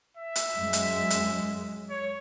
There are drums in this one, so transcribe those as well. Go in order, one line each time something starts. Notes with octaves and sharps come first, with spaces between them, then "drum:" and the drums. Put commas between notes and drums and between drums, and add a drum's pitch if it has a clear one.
E5
drum: hi-hat
F#2 G#3
drum: hi-hat
drum: hi-hat
C#5